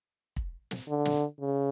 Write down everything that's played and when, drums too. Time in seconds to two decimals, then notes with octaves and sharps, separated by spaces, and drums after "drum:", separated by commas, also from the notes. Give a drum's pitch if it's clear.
0.36 drum: kick
0.71 drum: snare
0.89 D3
1.05 drum: snare
1.40 C#3